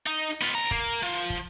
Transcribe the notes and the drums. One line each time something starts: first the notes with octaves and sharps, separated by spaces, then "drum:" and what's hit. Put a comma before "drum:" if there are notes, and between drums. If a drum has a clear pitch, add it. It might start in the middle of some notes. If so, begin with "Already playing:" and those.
D#4
drum: hi-hat
B3 F4
C2 A#5
A#3, drum: kick, hi-hat
F3
drum: kick